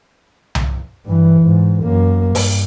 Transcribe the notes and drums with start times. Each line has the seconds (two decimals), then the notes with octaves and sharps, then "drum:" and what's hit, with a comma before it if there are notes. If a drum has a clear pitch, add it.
0.55 drum: tom C2
1.05 G2 E3
1.40 G#2
1.84 F#2 A#3
2.35 G2, drum: open hi-hat